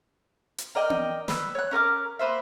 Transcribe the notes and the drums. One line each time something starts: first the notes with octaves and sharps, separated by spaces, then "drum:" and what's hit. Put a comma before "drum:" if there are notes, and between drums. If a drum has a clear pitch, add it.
drum: hi-hat
A#4 D5 D#5 G5
drum: tom B3
B4 E6, drum: snare
C#5 F#6
C#4 A#4 C#6 D6
A#3 B4 C5 E5